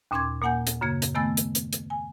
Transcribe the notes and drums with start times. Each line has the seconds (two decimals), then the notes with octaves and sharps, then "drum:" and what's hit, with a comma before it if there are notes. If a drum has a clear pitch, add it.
0.11 D#2 A#2 C#4 C6 D6 G#6
0.42 A#2 A#3 F#5 G#5 G6
0.67 drum: hi-hat
0.81 F#2 C#3 A#3 G#6
1.02 drum: hi-hat
1.15 D#3 A3 B3 G#5 E6 A6
1.37 drum: hi-hat
1.55 drum: hi-hat
1.73 drum: hi-hat
1.90 G#5